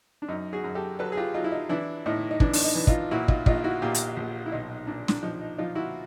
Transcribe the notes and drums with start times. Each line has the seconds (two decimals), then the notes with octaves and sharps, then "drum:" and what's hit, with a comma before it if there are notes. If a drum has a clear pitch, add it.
0.22 D4
0.28 F#2 D#4
0.53 F#4 G#4
0.64 F#2
0.75 G4 A4
0.99 F#3 A4 B4
1.12 G#4
1.17 F4 G4
1.34 F#3 D#4 F4
1.44 E4
1.52 D#4
1.69 E3 D4 E4
2.06 A2 D#4
2.31 D#4
2.40 E3 D4, drum: kick
2.53 D4, drum: open hi-hat
2.64 D#4
2.75 E3
2.87 D#4 F4, drum: kick
3.11 A#2 E4 F#4
3.28 D#4 F4, drum: kick
3.46 A#1 D#4 F4, drum: kick
3.64 E4 F#4
3.82 A#2 F4 G4
3.94 drum: hi-hat
4.16 A#1
4.46 E4
4.52 B1 D#4
4.87 A#2 D4
5.08 D4, drum: snare
5.23 F3 D#4
5.41 D#4
5.58 F3 D#4 F4
5.75 E4 F#4